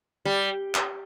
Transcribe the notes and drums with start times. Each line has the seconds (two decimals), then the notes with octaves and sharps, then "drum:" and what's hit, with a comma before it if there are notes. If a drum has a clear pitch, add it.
0.25 G3
0.75 drum: clap